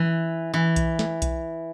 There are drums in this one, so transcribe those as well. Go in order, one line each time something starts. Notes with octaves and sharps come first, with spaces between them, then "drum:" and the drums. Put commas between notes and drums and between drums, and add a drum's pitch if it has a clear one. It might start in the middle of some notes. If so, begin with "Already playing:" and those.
Already playing: E3
E3
drum: kick B1, hi-hat
drum: snare
drum: kick B1, hi-hat